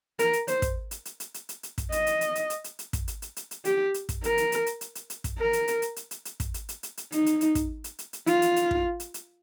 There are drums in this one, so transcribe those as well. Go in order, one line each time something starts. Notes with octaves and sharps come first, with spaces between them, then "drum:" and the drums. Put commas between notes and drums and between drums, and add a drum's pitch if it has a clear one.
A#4, drum: hi-hat
drum: hi-hat
C5, drum: hi-hat
drum: kick, hi-hat
drum: hi-hat
drum: hi-hat
drum: hi-hat
drum: hi-hat
drum: hi-hat
drum: hi-hat
drum: kick, hi-hat
D#5, drum: hi-hat
drum: hi-hat
drum: hi-hat
drum: hi-hat
drum: hi-hat
drum: hi-hat
drum: hi-hat
drum: kick, hi-hat
drum: hi-hat
drum: hi-hat
drum: hi-hat
drum: hi-hat
G4, drum: hi-hat
drum: hi-hat
drum: kick, hi-hat
A#4, drum: hi-hat
drum: hi-hat
drum: hi-hat
drum: hi-hat
drum: hi-hat
drum: hi-hat
drum: hi-hat
drum: kick, hi-hat
A#4
drum: hi-hat
drum: hi-hat
drum: hi-hat
drum: hi-hat
drum: hi-hat
drum: hi-hat
drum: kick, hi-hat
drum: hi-hat
drum: hi-hat
drum: hi-hat
drum: hi-hat
D#4, drum: hi-hat
drum: hi-hat
drum: hi-hat
drum: kick, hi-hat
drum: hi-hat
drum: hi-hat
drum: hi-hat
F4, drum: hi-hat
drum: hi-hat
drum: hi-hat
drum: kick
drum: hi-hat
drum: hi-hat